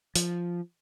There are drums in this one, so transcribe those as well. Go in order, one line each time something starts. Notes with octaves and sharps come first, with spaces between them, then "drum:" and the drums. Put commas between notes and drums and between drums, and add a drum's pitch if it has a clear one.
F3, drum: hi-hat